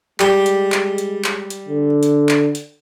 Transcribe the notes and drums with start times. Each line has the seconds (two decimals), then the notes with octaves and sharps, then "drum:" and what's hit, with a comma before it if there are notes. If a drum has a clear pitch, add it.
0.20 G3 G#3 G4, drum: clap
0.46 drum: hi-hat
0.72 drum: clap
0.98 drum: hi-hat
1.24 drum: clap
1.50 drum: hi-hat
1.69 D3
2.03 drum: hi-hat
2.29 drum: clap
2.55 drum: hi-hat